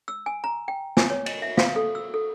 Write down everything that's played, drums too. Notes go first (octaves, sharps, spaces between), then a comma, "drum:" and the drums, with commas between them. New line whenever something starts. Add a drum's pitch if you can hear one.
E6
G#5
A#5
G5
G#5, drum: snare
C#5
D#5, drum: cymbal
E5
F5, drum: snare
A4
E6
A4